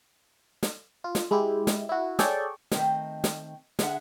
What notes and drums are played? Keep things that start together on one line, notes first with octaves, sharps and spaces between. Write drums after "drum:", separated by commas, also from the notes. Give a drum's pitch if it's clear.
drum: snare
F4
drum: snare
G#3 E4 G4
drum: snare
E4 F#4
G#4 A4 C#5 D5 G5 C#6, drum: snare
D#3 A3 C4 D#5, drum: snare
drum: snare
D3 G#4 E5 F#5, drum: snare